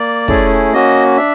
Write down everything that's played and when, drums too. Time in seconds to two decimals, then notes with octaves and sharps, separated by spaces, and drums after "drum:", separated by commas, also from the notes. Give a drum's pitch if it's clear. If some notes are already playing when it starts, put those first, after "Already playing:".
Already playing: A#3 D5
0.28 A3 C#4 E4 G#4, drum: kick
0.73 A#3 C#4 F#4 D#5
1.17 D4 E5